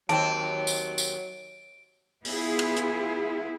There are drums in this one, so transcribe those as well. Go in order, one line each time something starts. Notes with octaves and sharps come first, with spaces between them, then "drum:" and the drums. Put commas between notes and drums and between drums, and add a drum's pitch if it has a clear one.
D#2 F#3 C4 A5 D7, drum: hi-hat
drum: tambourine
drum: tambourine
B3 E4 F4 G#4, drum: open hi-hat
drum: cymbal
drum: hi-hat